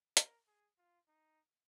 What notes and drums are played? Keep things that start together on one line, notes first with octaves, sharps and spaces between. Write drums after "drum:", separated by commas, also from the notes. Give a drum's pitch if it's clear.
A#4, drum: hi-hat
G#4
F4
D#4